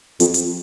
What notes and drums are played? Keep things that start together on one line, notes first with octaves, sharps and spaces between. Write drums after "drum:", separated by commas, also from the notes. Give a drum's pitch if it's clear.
F2, drum: hi-hat
drum: hi-hat